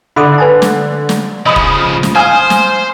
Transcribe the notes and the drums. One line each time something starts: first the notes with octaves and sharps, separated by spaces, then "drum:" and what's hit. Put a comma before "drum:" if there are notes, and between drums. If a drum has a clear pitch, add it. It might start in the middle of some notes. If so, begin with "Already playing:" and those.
D3 B5 D6 D#6
B4 G#5 A5
drum: snare
drum: snare
C#3 F3 D#5 B5 D#6
drum: kick E1
drum: snare
C5 F5 G#5 D#6 F6
drum: snare